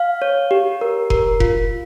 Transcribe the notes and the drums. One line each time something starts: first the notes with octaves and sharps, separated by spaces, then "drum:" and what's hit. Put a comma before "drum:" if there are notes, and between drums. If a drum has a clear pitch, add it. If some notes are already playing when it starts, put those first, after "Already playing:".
Already playing: F5
C#5
G4
A#4
A#4, drum: kick F1
F4, drum: kick F1